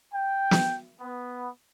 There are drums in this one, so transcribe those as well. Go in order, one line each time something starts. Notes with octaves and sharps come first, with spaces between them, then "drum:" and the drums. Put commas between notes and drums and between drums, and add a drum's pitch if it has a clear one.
G5
drum: snare
B3